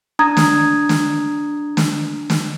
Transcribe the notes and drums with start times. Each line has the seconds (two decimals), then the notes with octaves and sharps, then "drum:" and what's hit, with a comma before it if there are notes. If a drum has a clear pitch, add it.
0.19 D4 A#5 D#6 G#6
0.37 drum: snare
0.89 drum: snare
1.77 drum: snare
2.30 drum: snare